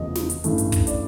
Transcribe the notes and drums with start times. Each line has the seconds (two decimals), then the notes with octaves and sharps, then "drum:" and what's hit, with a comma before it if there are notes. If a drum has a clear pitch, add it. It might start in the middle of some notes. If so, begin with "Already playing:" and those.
Already playing: F1 E2 C#3 F3 A3 D#5
0.15 drum: snare
0.30 drum: hi-hat
0.44 A1 G2 E3 A3, drum: hi-hat
0.58 drum: hi-hat
0.72 drum: kick, hi-hat
0.87 D5, drum: hi-hat